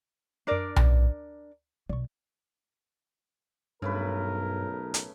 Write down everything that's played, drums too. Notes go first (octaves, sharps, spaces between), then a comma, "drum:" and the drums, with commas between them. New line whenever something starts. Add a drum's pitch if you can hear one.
F#2 D4 A#4 D5 C7
D2, drum: tom B1
B1 D5 C#6
B1 G2 C#3 A3 A#4 B4
drum: hi-hat